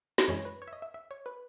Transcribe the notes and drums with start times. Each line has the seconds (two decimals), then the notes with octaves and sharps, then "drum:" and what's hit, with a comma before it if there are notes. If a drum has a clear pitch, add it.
0.18 B4, drum: snare
0.28 F#2 E3 G#3 C#4 E4 C#5
0.45 B4
0.62 C#5
0.68 E5
0.73 D#5
0.82 E5
0.94 E5
1.11 C#5
1.26 B4